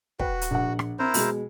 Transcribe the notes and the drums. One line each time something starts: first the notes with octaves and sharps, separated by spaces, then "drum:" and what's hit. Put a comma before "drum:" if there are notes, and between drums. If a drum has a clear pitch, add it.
F#4 B4 G5, drum: kick
drum: hi-hat
A#1 F#5
drum: rim click
C4 E4 A#4 C5
B2 G#3, drum: open hi-hat